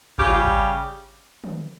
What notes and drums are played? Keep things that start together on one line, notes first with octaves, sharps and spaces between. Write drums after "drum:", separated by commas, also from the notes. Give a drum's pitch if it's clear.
C#3 G3 G4, drum: kick G#1
F4
G4
drum: kick G#1
drum: tom